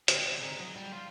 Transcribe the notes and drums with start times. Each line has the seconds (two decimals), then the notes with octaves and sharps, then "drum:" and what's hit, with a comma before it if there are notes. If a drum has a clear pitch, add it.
0.08 D3 C4, drum: hi-hat
0.41 G#3 D#4
0.60 F#3
0.76 G3
0.93 F4